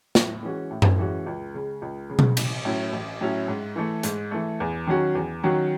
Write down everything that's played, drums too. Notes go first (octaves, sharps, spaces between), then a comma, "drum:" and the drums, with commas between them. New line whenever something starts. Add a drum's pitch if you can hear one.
A2, drum: snare
E3 G#3 C#4 F#4
A2
drum: tom F#2
E3 G#3 C#4 F#4
C#2
C#3 G#3
C#2
C#3 G#3
drum: tom B2
A1, drum: cymbal
A2 F#3 C#4 E4
A1
A2 F#3 C#4 E4
G#2
E3 A3
G#2, drum: hi-hat
E3 A3
E2
D#3 F#3 C#4 F#4
E2
D#3 F#3 C#4 F#4